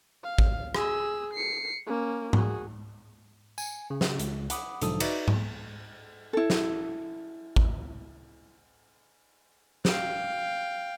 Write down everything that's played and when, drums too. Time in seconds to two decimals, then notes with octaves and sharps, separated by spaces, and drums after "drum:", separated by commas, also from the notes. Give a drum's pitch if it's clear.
0.24 F5
0.38 drum: kick G#1
0.75 G#4 E6, drum: rim click
1.34 C7 C#7
1.87 A#3 C#4
2.33 F#4 G#4, drum: tom G#2
3.58 G#5, drum: tambourine
3.90 C#3
4.01 drum: snare
4.19 C#2, drum: hi-hat
4.50 F#5 B5 D6 D#6, drum: hi-hat
4.82 B1 G#2 D3 F3 A4 D#6, drum: hi-hat
5.00 D#4 F#4 B4 D5 E5, drum: cymbal
5.28 drum: tom G#2
6.33 E4 A4
6.50 drum: snare
7.56 drum: kick G#1
9.85 F5 G5, drum: snare